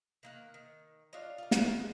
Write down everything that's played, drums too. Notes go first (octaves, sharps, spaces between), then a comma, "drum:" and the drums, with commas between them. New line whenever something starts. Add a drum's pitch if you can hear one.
D#3 A#3 F#5
D#3
D4 F4 C#5 D#5
F4 A#4
drum: snare
G#3 B3 D#4 B4